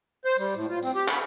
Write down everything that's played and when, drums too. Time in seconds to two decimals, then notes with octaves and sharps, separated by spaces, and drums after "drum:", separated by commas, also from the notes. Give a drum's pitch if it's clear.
0.25 C5
0.38 G3, drum: tambourine
0.55 A2
0.69 F4
0.82 C4, drum: tambourine
0.95 G4
1.08 B5, drum: clap